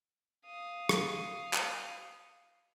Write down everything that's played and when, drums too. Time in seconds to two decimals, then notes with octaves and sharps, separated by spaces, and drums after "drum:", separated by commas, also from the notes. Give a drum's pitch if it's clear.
0.46 F5 D#6
0.89 drum: rim click
1.53 drum: clap